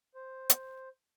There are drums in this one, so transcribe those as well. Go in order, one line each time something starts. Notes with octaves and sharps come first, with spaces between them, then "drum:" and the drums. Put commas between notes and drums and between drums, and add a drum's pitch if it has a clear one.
C5
drum: hi-hat